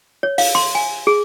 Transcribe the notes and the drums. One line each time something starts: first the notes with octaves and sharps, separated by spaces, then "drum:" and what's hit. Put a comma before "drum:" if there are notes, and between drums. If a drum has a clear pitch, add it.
C#5
F5, drum: open hi-hat
C6
G#5
G#4